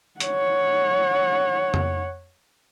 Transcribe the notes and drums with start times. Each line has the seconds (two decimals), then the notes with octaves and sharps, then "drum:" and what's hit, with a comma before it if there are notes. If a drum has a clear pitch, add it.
0.20 C#5 F#5, drum: hi-hat
1.74 drum: tom F2